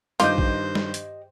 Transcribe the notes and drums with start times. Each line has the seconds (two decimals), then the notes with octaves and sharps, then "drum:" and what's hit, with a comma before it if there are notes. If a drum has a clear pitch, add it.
0.20 G2 D#3 F4 G4 C5 D#5 G6, drum: hi-hat
0.38 drum: kick A#1
0.75 drum: snare
0.94 drum: hi-hat